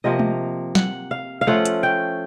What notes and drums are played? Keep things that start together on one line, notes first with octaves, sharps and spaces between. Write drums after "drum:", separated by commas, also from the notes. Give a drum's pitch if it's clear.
C3 F3 A#3 D#5
drum: tom G#3
F#5, drum: snare
F5
F5
F3 A3 C#4 F4 F#5
drum: hi-hat
G5